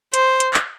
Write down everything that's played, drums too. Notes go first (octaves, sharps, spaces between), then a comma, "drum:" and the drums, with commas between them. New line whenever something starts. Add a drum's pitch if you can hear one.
C5, drum: hi-hat
drum: hi-hat
drum: clap